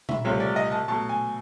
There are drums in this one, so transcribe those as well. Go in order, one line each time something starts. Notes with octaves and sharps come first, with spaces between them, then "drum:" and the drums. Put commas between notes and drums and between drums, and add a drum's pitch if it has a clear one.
E5, drum: tom A#2
C2 C3 F3 A3 C#5
D5
D#5
A5
B2 F#3 A3 A5
G#5